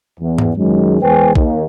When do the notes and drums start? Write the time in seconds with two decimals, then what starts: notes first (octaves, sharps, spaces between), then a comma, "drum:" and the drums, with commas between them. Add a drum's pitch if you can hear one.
0.20 E2
0.38 drum: tom G#2
0.57 F#2 D#3 F#3 G#3
1.02 E2 G#3 B4 C5 G5 G#5
1.36 D#2, drum: kick A#1